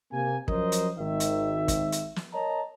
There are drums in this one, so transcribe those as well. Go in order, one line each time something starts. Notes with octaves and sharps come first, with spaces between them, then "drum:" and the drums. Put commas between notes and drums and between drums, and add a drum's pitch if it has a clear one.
C3 A#3 G#5
F3 F#3 C#4 A#4 C5 D#5, drum: kick
drum: hi-hat
G#1 D#3 E5
drum: hi-hat
drum: kick, hi-hat
drum: hi-hat
drum: snare
A#4 C#5 D#5 A5 A#5